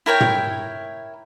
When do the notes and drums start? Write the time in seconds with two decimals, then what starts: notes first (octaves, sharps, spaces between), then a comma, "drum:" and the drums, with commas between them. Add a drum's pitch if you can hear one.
0.06 E4 A#4 C#5 G5
0.21 drum: tom